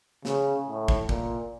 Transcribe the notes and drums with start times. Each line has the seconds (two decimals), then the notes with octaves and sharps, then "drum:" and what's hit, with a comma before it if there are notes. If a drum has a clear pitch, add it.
0.25 C#3, drum: snare
0.68 A2
0.88 drum: kick
1.09 A#2, drum: kick